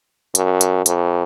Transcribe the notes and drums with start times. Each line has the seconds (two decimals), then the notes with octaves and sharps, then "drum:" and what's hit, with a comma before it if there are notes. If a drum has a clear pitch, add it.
0.35 F#2, drum: hi-hat
0.61 drum: hi-hat
0.86 F2, drum: hi-hat